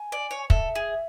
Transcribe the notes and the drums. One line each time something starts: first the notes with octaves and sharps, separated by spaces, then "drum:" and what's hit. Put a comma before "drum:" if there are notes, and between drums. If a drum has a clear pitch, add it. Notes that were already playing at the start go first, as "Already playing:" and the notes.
Already playing: G#5
D5
C#5
A4 E5, drum: kick
G#4